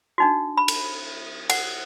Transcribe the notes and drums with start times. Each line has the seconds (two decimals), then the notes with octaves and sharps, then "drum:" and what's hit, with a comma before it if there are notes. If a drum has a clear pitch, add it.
0.18 D4 D#4 F#4
0.57 B5
0.68 drum: cymbal
1.50 F#5, drum: cymbal